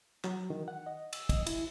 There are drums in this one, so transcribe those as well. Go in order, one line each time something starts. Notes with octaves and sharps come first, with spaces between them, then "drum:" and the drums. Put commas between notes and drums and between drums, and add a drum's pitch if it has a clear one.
F#3, drum: clap
D#3
F#5
D#5
E6, drum: cymbal
D#5, drum: kick, cymbal
E4, drum: cymbal